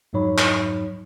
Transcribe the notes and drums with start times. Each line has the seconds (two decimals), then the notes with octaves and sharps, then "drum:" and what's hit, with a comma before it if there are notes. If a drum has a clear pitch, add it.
0.13 F2 G#2 F#3 D#4 C#5 B5
0.38 drum: clap